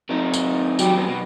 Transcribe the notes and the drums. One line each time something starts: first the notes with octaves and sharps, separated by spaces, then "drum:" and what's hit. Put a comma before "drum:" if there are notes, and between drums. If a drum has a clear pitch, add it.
C3 D#4
drum: tambourine
F#3 G4, drum: tambourine
F#2 B3
B2